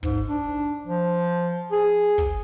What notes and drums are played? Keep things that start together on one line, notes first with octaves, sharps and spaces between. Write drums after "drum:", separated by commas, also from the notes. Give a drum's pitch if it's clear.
G#2, drum: kick
D4
F3
G#4
drum: kick